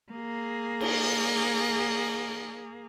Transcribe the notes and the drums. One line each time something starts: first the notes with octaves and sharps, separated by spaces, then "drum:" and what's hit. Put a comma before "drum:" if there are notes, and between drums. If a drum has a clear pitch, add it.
A#3 G#4
drum: cymbal